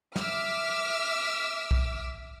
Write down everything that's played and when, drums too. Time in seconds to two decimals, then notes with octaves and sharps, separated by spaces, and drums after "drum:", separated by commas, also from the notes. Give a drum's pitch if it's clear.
0.16 E5 D6 E6 F6, drum: snare
1.71 drum: kick B1